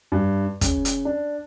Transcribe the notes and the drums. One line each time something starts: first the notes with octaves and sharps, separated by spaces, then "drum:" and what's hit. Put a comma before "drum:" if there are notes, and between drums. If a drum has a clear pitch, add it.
G2
C#3, drum: kick, hi-hat
drum: hi-hat
D4